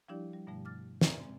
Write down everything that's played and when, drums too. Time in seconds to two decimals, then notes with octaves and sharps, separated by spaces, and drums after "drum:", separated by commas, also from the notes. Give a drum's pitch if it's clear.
0.08 F3 G3 D4 E4 G4 D5
0.33 G3
0.47 G2 B2 D3 F3 G3 A3
0.65 D6 F6 A6
1.01 D5 E5 A#5, drum: snare
1.20 G#3 C4